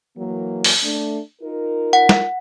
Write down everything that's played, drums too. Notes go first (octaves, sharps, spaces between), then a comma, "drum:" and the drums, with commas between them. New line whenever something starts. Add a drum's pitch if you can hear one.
E3 F#3 A#3
drum: open hi-hat
A3 D4
D#4 F4 A#4
F#5
drum: snare